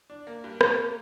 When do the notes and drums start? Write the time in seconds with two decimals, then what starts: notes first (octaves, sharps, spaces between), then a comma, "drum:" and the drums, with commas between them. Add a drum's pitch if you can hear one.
0.10 D4
0.27 A#3
0.44 G2
0.61 A#3, drum: rim click
0.77 A#3